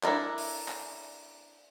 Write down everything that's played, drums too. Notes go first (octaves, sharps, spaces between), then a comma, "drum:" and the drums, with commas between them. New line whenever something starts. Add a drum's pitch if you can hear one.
D4 E4 A4 A#4 D5, drum: clap
drum: open hi-hat
drum: clap